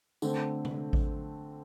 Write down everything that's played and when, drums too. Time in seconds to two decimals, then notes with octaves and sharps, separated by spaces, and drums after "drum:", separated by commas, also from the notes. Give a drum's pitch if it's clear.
0.22 D3 A3 C4, drum: tambourine
0.65 drum: tom C3
0.93 drum: kick A1